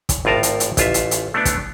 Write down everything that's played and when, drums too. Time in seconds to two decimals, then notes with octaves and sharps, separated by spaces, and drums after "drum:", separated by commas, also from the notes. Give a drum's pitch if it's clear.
0.09 drum: kick, hi-hat
0.25 G#1 A2 F4 A#4 A5 A#5
0.43 drum: hi-hat
0.60 drum: hi-hat
0.77 A1 F4 E5, drum: kick, hi-hat
0.94 drum: hi-hat
1.11 drum: hi-hat
1.34 A3 B3 D4
1.45 drum: kick, hi-hat